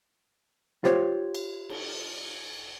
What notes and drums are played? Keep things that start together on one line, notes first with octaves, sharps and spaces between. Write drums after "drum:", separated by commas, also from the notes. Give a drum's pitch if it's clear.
F4 G4 C5 C#5, drum: snare
drum: cymbal
drum: cymbal